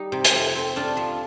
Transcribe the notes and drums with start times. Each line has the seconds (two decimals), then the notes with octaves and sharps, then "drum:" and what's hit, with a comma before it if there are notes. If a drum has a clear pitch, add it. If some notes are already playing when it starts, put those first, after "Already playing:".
Already playing: G3 D#4
0.12 C3
0.24 drum: hi-hat
0.34 F2
0.55 C4
0.76 A3 D4 F4
0.97 F3